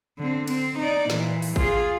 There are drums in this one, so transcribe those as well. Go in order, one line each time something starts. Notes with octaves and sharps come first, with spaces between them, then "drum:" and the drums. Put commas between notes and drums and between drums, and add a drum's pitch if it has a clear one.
D3 C4
C4, drum: cymbal
D#4 D5
A#2 E3, drum: snare
drum: open hi-hat
F4 G#4, drum: kick